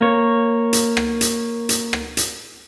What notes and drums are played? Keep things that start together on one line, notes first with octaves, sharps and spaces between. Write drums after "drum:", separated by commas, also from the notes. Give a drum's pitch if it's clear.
A#3 C#5
drum: hi-hat
drum: rim click
drum: hi-hat
drum: hi-hat
drum: rim click
drum: hi-hat